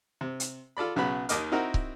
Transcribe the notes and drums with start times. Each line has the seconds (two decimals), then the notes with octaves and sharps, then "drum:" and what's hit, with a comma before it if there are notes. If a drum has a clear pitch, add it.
0.21 C3
0.40 drum: hi-hat
0.77 F4 A4 D5 B5
0.96 B1 C#3 F#3 B3 B5
1.29 D#2 D#3 A#3 D#5 D6 F6, drum: hi-hat
1.52 C4 D#4 E4 F#4 A#4
1.74 drum: kick